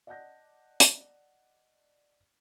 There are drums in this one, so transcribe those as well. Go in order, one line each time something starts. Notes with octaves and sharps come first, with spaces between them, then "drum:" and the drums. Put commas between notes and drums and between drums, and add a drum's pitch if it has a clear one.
D5 D#5 F#5 A5 G6 A#6
drum: hi-hat